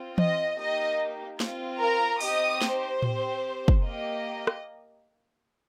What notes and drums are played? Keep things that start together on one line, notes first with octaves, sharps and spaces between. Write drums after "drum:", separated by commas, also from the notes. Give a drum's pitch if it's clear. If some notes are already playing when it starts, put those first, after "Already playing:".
Already playing: C4 F4
D#5, drum: tom E3
A#3 D#4 G4 D#5
C4 F4, drum: snare
A#4 A#5
C4 D#4 G4 D#5 D#6, drum: open hi-hat
C5, drum: snare
C4 G4, drum: tom A2
drum: kick
A#3 G4 D#5
drum: rim click